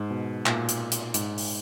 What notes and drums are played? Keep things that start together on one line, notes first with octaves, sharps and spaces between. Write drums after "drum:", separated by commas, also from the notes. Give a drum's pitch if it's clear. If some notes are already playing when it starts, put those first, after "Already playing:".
Already playing: G#2
B2
A#2, drum: clap
drum: hi-hat
drum: hi-hat
G#2, drum: hi-hat
drum: open hi-hat